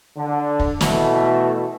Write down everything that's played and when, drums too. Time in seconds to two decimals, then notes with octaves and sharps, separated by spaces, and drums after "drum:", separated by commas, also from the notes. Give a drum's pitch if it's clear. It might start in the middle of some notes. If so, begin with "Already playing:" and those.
0.16 D3
0.60 drum: kick
0.81 B2 E3 A3, drum: snare